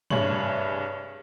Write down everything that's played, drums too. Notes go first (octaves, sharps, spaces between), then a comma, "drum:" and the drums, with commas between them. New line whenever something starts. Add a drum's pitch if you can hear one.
C2 G2 G#4 C#5 F#7, drum: tom